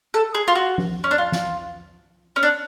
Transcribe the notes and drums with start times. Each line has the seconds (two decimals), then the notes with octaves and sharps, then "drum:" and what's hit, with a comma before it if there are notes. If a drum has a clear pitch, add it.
0.14 A4
0.35 G#4
0.48 F4
0.55 F#4
0.78 drum: tom F3
1.04 C#4
1.11 D4
1.18 F4
1.32 drum: snare
2.36 C#4
2.43 D4